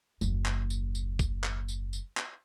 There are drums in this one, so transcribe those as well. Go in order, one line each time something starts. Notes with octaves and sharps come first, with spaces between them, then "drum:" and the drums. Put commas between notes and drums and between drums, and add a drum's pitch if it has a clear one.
F#1 D#2, drum: tambourine
drum: clap
drum: tambourine
drum: tambourine
drum: kick, tambourine
drum: clap
drum: tambourine
drum: tambourine
drum: clap